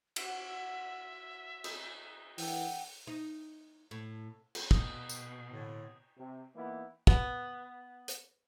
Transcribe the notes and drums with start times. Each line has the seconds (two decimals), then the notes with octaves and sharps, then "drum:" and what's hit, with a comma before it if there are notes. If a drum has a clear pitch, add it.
0.16 C#4 F#4 C5 E5, drum: cymbal
1.64 D#5, drum: cymbal
2.38 E3 D4 E5 F#5 G5, drum: open hi-hat
3.07 D#4
3.91 A2
4.55 drum: cymbal
4.71 B2 D#6, drum: kick
5.09 drum: tambourine
5.49 A2 D3
6.18 C3
6.55 E3 A#3 B3 D#4 E4
7.07 B3, drum: kick
8.08 drum: hi-hat